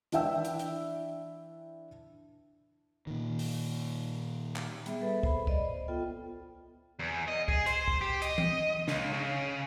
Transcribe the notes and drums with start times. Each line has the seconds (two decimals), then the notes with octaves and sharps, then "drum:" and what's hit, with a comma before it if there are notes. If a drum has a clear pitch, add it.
0.12 E3 D4 E4 E5 G5 E6, drum: hi-hat
0.45 drum: hi-hat
0.59 drum: hi-hat
3.07 A#2 D#3
3.39 drum: open hi-hat
4.56 drum: clap
4.86 G3 B3 G#4 E5, drum: hi-hat
5.01 A4 B4 E5 B5
5.23 C5 B5, drum: kick
5.47 D5 D#5, drum: kick
5.65 C5
5.88 B3 F4 A4 G5
6.99 E2
7.28 D#5
7.48 G#4, drum: kick
7.66 C5, drum: hi-hat
7.88 drum: kick
8.01 G4
8.22 D#5, drum: hi-hat
8.38 drum: tom E3
8.88 C#2, drum: snare
9.13 C#3